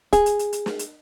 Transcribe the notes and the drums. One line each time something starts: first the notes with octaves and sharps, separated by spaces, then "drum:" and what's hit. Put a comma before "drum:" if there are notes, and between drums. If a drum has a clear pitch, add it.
G#4, drum: kick, hi-hat
drum: hi-hat
drum: hi-hat
drum: hi-hat
drum: snare
drum: hi-hat